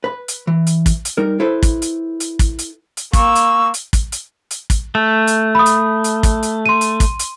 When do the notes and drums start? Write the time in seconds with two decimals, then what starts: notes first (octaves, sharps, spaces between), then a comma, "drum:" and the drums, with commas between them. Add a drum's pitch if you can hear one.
0.04 B4 B5
0.28 drum: hi-hat
0.47 E3
0.67 drum: hi-hat
0.86 drum: kick, hi-hat
1.05 drum: hi-hat
1.17 G3 D#4 A#4
1.40 E4 A4 B4 C5
1.63 drum: kick, hi-hat
1.82 drum: hi-hat
2.20 drum: hi-hat
2.39 drum: kick, hi-hat
2.59 drum: hi-hat
2.97 drum: hi-hat
3.13 A#3 C#6 E6, drum: kick, hi-hat
3.35 drum: hi-hat
3.74 drum: hi-hat
3.93 drum: kick, hi-hat
4.12 drum: hi-hat
4.51 drum: hi-hat
4.70 drum: kick, hi-hat
4.95 A3
5.27 drum: hi-hat
5.55 B5 D#6
5.66 drum: hi-hat
6.04 drum: hi-hat
6.23 drum: kick, hi-hat
6.43 drum: hi-hat
6.66 C6 D#7
6.81 drum: hi-hat
7.00 drum: kick, hi-hat
7.19 drum: hi-hat